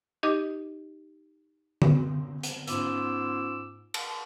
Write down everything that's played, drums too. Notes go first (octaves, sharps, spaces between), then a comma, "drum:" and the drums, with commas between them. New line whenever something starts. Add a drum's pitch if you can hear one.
D#4 G4 D#5 D6
drum: tom D3
drum: hi-hat
G#2 B3 C#4 F4 D6 E6, drum: hi-hat
drum: cymbal